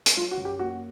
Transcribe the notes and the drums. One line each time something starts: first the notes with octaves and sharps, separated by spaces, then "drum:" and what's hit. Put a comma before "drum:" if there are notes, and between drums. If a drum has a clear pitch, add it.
drum: hi-hat
F#3 F4
F#4
F#2
G4
A#3 F#4